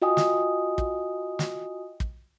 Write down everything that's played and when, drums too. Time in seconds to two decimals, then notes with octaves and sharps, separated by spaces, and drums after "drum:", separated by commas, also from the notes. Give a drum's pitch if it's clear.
0.02 F4 F#4 D#5 G5 G#5 D#6
0.17 drum: snare
0.78 drum: kick
1.39 drum: snare
2.00 drum: kick